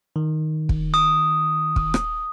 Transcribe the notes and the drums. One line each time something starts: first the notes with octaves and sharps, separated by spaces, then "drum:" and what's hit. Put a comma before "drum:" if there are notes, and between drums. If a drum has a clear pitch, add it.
D#3
drum: kick
D#6
drum: kick
drum: rim click